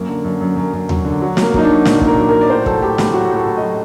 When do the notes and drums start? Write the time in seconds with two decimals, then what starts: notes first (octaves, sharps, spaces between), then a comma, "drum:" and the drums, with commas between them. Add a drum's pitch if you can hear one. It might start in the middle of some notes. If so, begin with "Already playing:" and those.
Already playing: F#2 A#3
0.08 D3
0.24 F#2
0.41 F#2
0.57 F#2
0.73 F#2
0.89 F#3, drum: tom D#2
1.05 D3
1.21 F#3
1.37 F#3, drum: snare
1.42 A#3
1.54 F#3 D#4, drum: kick
1.64 D4
1.70 F#3
1.85 A#2, drum: snare
2.01 A#2, drum: kick
2.07 A#4
2.17 F#3
2.29 F#3 A#4
2.41 D5
2.50 A2 C5
2.66 F#3 A4, drum: kick
2.82 A2 G4
2.98 A2 G4, drum: snare
3.14 F#3 F#4
3.30 A2
3.35 A4
3.46 A2
3.57 F#3 D#5